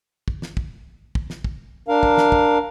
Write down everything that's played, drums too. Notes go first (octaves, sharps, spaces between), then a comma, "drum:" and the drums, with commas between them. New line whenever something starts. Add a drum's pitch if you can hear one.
drum: kick
drum: snare
drum: kick
drum: kick
drum: snare
drum: kick
D4 A#4 F5
drum: kick
drum: snare
drum: kick